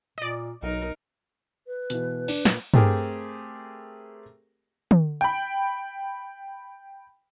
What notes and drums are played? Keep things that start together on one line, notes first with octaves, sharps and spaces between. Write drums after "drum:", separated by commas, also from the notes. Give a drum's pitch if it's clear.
A#2 D5 D#5
B1 F#3 D#4 A#4
B4
B2 E3, drum: hi-hat
D4, drum: cymbal
A#2 F#7, drum: snare
A3 C4 G4 G#4 A#4, drum: tom
drum: tom
G5 B5